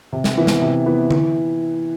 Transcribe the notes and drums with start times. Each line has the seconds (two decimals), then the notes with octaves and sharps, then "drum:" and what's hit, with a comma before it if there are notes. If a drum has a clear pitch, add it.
0.13 C3
0.24 drum: snare
0.37 E3 B3
0.47 drum: snare
0.62 C3
0.86 E3 B3
1.11 E3, drum: tom D3